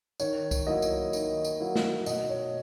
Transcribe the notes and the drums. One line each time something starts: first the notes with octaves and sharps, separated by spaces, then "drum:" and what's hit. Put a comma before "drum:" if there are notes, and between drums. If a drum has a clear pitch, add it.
D#3 C#5, drum: tambourine
drum: kick C2, tambourine
F#3 A#3 E4 D#5
drum: tambourine
D#3, drum: tambourine
drum: tambourine
F#3 A#3 E4
drum: snare
B2 D#5, drum: tambourine
C#5